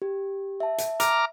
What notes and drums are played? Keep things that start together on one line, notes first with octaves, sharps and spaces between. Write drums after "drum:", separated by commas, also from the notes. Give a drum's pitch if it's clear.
G4
E5 A5
drum: hi-hat
A#5 D6 F6, drum: hi-hat